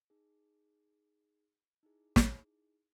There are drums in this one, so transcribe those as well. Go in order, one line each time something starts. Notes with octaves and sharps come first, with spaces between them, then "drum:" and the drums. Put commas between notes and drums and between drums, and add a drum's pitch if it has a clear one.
D#4 G#4
D#4 E4 G#4
drum: snare